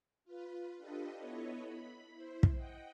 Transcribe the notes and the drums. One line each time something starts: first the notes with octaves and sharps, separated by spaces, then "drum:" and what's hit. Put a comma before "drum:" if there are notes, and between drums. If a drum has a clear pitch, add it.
F4 B4
D4 F4 G4 A4 B4 D#5
B3 E4 A4 B4 C#5 D#5
B5
E4 C5
drum: kick
D#5 F#5 G5